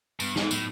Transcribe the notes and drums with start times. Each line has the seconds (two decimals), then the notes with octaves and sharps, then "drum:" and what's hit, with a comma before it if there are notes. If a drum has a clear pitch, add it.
0.20 G2 B3, drum: tambourine
0.36 G#2 D#4, drum: snare
0.51 A2 F#3, drum: tambourine